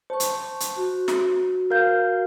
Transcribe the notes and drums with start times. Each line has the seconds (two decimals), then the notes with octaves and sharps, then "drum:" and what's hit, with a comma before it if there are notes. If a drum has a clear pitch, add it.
0.10 C5 A5 C#6
0.20 drum: hi-hat
0.60 drum: hi-hat
0.76 F#4
1.08 drum: snare
1.70 A#4 F5 G6